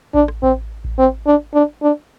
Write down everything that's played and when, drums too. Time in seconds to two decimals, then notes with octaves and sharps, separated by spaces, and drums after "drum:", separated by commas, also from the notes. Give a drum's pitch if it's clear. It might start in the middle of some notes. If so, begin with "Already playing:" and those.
0.14 D4, drum: kick A1
0.28 drum: rim click
0.43 C4, drum: kick A1
0.84 drum: kick A1
0.98 C4
1.26 D4
1.54 D4
1.82 D4